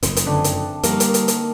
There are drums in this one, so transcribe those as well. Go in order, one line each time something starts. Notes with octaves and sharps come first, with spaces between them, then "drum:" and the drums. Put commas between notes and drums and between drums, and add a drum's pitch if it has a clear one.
F#1 F2 G#2 C6, drum: hi-hat
drum: hi-hat
D3 A3 C4 D4 G#4 B4
drum: hi-hat
D#3 G3 A#3, drum: hi-hat
drum: hi-hat
drum: hi-hat
drum: hi-hat